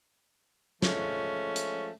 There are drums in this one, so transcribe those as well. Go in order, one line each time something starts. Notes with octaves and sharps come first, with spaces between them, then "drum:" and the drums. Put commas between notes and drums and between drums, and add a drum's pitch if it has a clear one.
F3 G#3 A3 C#4, drum: snare
drum: hi-hat